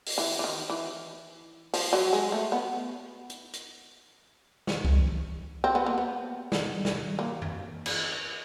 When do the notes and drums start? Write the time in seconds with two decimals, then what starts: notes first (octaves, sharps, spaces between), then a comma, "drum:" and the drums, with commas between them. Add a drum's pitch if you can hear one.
0.06 drum: open hi-hat
0.18 E3
0.39 E3
0.44 D#3
0.70 E3
1.74 F3, drum: open hi-hat
1.93 F#3
2.13 G#3
2.32 A3
2.52 B3
3.30 drum: hi-hat
3.53 drum: hi-hat
4.67 drum: snare
4.85 drum: kick C2
5.64 C4
5.75 B3
5.86 A#3
5.98 B3
6.52 drum: snare
6.85 drum: snare
7.19 A#3
7.42 drum: tom F2
7.86 drum: cymbal